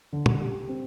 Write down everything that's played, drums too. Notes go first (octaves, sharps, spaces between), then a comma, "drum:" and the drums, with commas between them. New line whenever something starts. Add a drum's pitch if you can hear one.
D3
drum: tom
G4
C4